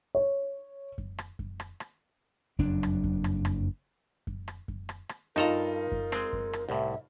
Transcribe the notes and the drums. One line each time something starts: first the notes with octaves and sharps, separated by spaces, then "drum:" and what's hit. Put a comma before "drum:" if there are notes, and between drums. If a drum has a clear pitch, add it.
C#5
drum: kick F#2
drum: rim click
drum: kick F#2
drum: rim click
drum: rim click
F#1 F2 F#3 D4
drum: rim click
drum: kick F#2
drum: rim click
drum: rim click
drum: kick F#2
drum: rim click
drum: kick F#2
drum: rim click
drum: rim click
G2 D#4 F4 A4 A#4 A#5
drum: kick F#2
G#3 C4, drum: rim click
drum: kick F#2
drum: rim click
C2 A2 E5